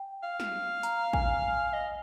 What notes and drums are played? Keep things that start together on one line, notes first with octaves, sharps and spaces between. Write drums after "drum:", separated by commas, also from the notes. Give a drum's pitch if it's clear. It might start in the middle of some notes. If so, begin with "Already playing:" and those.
Already playing: G5
F5
drum: snare
A#5, drum: hi-hat
G#5, drum: kick
D#5